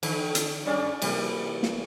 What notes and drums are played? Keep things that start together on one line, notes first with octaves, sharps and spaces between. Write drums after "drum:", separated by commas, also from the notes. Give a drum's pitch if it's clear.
D3 A4, drum: cymbal
drum: hi-hat
F#2 C#4 D5
C3 E3 F#3 A#3 G4, drum: cymbal
drum: snare